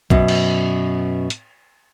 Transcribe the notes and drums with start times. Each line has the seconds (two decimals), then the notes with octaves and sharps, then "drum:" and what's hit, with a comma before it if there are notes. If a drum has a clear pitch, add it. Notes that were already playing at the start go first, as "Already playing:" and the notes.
0.10 F#2 B2, drum: kick
0.28 drum: cymbal
1.30 drum: hi-hat